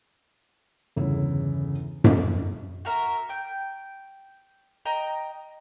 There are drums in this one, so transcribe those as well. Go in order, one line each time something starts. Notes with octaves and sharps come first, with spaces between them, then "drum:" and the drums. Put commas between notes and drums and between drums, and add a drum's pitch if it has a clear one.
G1 E2 C#3 E4
drum: tom F#2
F#4 A#4 E5
G5
D#5 G5 A#5